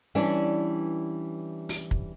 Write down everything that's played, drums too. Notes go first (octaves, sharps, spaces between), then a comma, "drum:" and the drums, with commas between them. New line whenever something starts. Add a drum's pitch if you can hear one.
E3 G3 C#4 D4
drum: open hi-hat
drum: kick